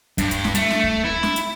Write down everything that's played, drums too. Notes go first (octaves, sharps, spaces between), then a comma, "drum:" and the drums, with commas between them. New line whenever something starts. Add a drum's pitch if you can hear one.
G2, drum: kick D2, hi-hat
drum: hi-hat
drum: snare
A3, drum: hi-hat
drum: snare
drum: kick D2
E4
drum: snare
drum: hi-hat